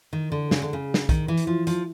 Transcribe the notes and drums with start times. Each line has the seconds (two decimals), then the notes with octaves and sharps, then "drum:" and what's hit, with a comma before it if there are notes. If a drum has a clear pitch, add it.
0.13 D#3
0.32 D3
0.51 C#3, drum: snare
0.62 D3
0.73 C#3
0.94 drum: snare
1.09 D#3, drum: kick, hi-hat
1.28 E3
1.37 drum: hi-hat
1.47 F3
1.67 F3, drum: hi-hat